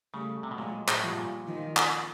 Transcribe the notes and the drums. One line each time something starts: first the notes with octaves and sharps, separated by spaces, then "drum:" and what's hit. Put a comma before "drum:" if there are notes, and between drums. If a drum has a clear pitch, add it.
C#3 G3 A3
C3
B2
A#2 F#3 G#3
A2, drum: clap
F3 G3
B2
A#2
D#3 F3
drum: clap